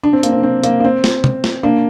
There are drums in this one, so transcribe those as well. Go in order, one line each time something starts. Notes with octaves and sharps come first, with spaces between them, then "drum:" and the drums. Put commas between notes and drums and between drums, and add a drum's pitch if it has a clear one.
D4
C4
A#3, drum: hi-hat
C4
C4
A#3, drum: hi-hat
A#3
C4
drum: snare
drum: tom
drum: snare
A#3 D4